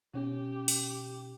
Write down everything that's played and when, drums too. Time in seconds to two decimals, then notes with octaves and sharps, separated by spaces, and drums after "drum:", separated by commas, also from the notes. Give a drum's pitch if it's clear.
0.14 B2 C#4 G4
0.68 drum: open hi-hat